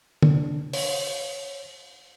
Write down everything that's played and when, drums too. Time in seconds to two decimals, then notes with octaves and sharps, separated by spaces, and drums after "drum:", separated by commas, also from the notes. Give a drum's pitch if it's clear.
0.23 C3 D4, drum: tom
0.73 C#5, drum: open hi-hat